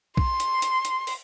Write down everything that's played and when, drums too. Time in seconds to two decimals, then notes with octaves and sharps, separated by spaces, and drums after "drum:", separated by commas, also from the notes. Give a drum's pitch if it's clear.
0.17 C6, drum: kick B1
0.40 drum: hi-hat
0.62 drum: hi-hat
0.85 drum: hi-hat
1.07 drum: open hi-hat